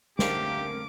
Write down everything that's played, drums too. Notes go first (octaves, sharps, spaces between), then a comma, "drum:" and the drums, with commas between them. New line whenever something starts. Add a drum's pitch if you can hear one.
D3 A3 C4 C#4 G4 A#4 F5 D6, drum: snare